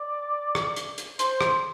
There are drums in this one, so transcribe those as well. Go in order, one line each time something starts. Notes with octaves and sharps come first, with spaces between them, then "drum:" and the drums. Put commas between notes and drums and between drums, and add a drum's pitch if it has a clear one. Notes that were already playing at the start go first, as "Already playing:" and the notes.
Already playing: D5
drum: rim click
drum: hi-hat
drum: hi-hat
C5, drum: hi-hat
drum: rim click